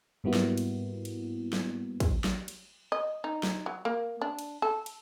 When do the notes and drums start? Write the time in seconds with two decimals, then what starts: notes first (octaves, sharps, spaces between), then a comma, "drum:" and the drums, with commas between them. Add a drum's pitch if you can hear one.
0.24 G#2 G3 A#3 B3 E4 F#4
0.34 drum: snare
0.57 drum: cymbal
1.05 drum: cymbal
1.53 drum: snare
2.00 drum: kick, cymbal
2.24 drum: snare
2.48 drum: cymbal
2.92 D#5
3.24 D#4
3.43 drum: snare
3.66 F#3
3.85 A#3
4.21 D4
4.39 drum: cymbal
4.62 A4
4.86 drum: cymbal